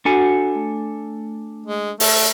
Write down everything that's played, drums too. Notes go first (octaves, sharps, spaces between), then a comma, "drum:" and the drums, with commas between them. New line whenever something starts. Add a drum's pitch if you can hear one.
D4 F#4 A4 F#5 G#5
A3
G#3
A3, drum: open hi-hat